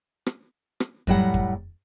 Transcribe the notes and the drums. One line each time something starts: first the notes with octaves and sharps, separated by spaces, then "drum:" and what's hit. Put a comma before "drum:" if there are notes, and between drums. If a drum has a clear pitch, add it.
drum: rim click
drum: rim click
A2 F#3 G3 F#5, drum: kick F2
drum: kick F2